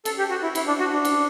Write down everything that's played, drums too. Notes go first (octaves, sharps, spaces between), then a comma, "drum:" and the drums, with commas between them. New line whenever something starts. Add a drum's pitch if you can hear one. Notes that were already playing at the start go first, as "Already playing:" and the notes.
A4, drum: cymbal
G4
F#4
E4
E4, drum: cymbal
D4
F#4
D4
drum: cymbal